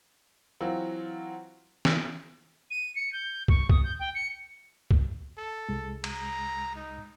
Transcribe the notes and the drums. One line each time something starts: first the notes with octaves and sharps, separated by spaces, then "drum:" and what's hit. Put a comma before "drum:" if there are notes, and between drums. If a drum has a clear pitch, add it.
E3 F#3 C4 F4 F#4
drum: snare
D#7
C#7
G6
C#6, drum: kick
D#6, drum: kick
G6
G5
C#7
drum: kick
A4
C2 G#3
A#5, drum: cymbal
D#4